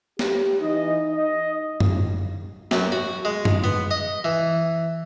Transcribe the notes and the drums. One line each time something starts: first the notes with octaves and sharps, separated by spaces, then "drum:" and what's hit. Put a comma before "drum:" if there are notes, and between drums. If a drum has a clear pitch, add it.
G4, drum: snare
E3 D#4 D#5
D#5
drum: tom F#2
F#2, drum: snare
F#4
G#3
drum: tom F#2
B3
D#5
E3